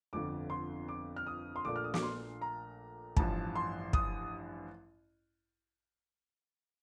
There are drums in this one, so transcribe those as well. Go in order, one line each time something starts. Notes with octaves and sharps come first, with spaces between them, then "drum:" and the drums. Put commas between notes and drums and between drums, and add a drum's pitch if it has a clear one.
G1 F2 D3 D6
C6
D6
F6
D#6
C6
A#1 A#2 A3 D4 D6
F6
D#6
D6, drum: snare
C6
A#5
A1 G2 F3 A5, drum: kick
C6
D#6, drum: kick